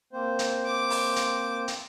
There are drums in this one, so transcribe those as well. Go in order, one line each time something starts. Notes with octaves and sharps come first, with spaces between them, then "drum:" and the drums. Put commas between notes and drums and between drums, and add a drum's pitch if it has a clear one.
A#3 C4 C5
drum: hi-hat
D6
drum: open hi-hat
drum: hi-hat
drum: hi-hat